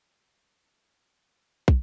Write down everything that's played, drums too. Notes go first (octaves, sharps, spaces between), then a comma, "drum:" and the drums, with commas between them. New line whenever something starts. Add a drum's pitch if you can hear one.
C#3 F#3 A3 B3
B3
A#3
A#3
B3
C4
drum: kick